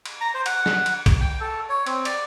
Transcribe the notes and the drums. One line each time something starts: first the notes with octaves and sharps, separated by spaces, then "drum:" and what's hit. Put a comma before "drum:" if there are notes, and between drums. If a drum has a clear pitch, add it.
drum: cymbal
A#5
C5
F#5, drum: cymbal
drum: snare
drum: cymbal
drum: kick B1, cymbal
G5
A4
C#5
C4, drum: cymbal
D5, drum: cymbal